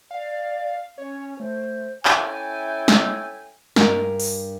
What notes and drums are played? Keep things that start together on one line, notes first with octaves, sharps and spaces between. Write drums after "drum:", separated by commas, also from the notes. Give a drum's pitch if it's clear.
D5 F5
C#4 C#5
A3 C5
C#4 E4 A4 E5 G5 G#5, drum: clap
drum: snare
G2 A#4 G#5, drum: snare
drum: open hi-hat